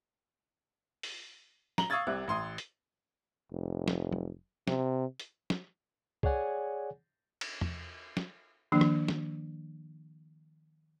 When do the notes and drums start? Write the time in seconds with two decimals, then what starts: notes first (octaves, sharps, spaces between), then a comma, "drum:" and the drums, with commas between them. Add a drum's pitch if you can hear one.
1.03 drum: open hi-hat
1.78 A#5 F#7 G7, drum: snare
1.90 F5 C#6 D#6 E6 G#6 A6
2.07 C2 C3 F#6
2.28 A1 C6 D#6
2.58 drum: hi-hat
3.52 F1
3.88 drum: snare
4.13 drum: tom
4.67 C3, drum: snare
5.20 drum: hi-hat
5.50 drum: snare
6.23 G#4 C#5 D5 F#5 G#5, drum: kick C2
7.41 drum: cymbal
7.61 drum: tom E2
8.17 drum: snare
8.72 D#3 F3 A#3 D4
8.81 drum: rim click
9.08 drum: snare